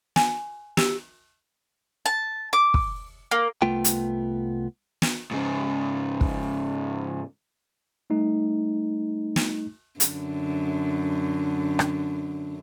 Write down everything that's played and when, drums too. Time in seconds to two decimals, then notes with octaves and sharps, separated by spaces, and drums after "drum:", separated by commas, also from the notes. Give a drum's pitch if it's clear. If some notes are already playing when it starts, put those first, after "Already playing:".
0.16 G#5, drum: snare
0.77 G4, drum: snare
2.06 A5
2.53 D6
2.74 drum: kick
3.31 A#3
3.62 C2 A3 B3 F4 G5
3.84 drum: hi-hat
5.02 drum: snare
5.31 G#2 C#3
6.21 drum: kick
8.10 G3 A3 D#4
9.36 drum: snare
10.00 F#2 D3, drum: hi-hat
11.79 drum: rim click